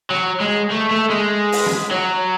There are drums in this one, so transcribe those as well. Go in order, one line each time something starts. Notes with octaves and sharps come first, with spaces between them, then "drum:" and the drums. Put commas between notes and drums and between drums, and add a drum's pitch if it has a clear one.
F#3
G#3
A3
A3
G#3
drum: open hi-hat
drum: rim click
F#3